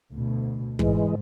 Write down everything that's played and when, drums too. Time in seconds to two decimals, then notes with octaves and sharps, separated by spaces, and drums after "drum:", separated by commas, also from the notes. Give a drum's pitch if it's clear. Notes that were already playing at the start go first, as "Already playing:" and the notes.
0.11 D2 B2
0.79 G#2 E3 G#3, drum: kick